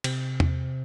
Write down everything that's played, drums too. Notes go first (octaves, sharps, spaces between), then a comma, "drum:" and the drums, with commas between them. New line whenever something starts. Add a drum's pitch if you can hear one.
C3, drum: cymbal
drum: tom E2